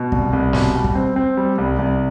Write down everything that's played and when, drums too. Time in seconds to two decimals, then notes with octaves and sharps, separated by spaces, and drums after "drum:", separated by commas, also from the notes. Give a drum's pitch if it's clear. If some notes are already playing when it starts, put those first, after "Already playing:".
Already playing: B2
0.12 C2, drum: kick
0.33 C2
0.53 B2, drum: snare
0.75 G3
0.84 drum: kick
0.95 C4
1.16 C4
1.37 G3
1.58 C2
1.79 C2